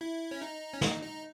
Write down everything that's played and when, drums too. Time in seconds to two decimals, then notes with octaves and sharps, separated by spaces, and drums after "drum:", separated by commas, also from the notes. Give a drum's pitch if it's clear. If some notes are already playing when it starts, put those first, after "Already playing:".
0.01 E4
0.31 C#4
0.42 D#4
0.73 C#4
0.81 D#4, drum: snare
1.02 D#4